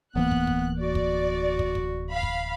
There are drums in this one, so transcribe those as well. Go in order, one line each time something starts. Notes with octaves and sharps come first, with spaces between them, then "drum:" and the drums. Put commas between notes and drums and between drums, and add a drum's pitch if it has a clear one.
D1 E3 A#3 B3 F#6
drum: kick
drum: kick
F#4 D5
drum: kick
drum: kick
drum: kick
F5 B5
drum: kick